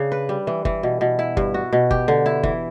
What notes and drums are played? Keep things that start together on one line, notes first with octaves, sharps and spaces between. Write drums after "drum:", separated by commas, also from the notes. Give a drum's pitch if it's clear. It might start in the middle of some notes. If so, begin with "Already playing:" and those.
Already playing: C#3 D4
B4
G3
E3
E3, drum: kick G1
B2
B2
E4
G2, drum: kick G1
F#4
B2
G4, drum: kick G1
D3
E4
E3, drum: kick G1